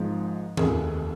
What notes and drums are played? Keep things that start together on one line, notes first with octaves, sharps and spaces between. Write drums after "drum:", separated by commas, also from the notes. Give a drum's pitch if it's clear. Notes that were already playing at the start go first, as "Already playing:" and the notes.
Already playing: G#1 G#2 F3
F1 D#2 D#3 G#4, drum: tom D#3